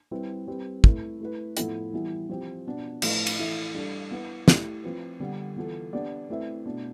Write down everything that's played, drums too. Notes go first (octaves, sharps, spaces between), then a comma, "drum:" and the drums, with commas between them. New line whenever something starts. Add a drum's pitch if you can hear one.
G3 C4 E4 B4
G3 C4 G4 B4
A3 E4 B4, drum: kick
A3 E4 B4
A2 F3 B3 E4 A4, drum: hi-hat
E3 G3 B3 E4
F3 C4 G4
B2 B3 D4
A2 F3 A3 E4 B4, drum: cymbal
drum: cymbal
E3 A3 E4 A4 E5
G3 D4 A4
B3 E4 B4
A3 E4 G4, drum: snare
F3 C4 F4 B4
D3 G3 B3
E3 B3 F4 A4
B3 D4 G4 D5
A3 C4 E4 B4 E5
B2 A3 D4